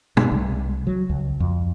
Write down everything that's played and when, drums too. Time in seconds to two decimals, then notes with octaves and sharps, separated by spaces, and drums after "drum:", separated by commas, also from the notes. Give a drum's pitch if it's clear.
0.17 B2, drum: tom
0.32 C2
0.87 F#3
1.09 C#2
1.40 F2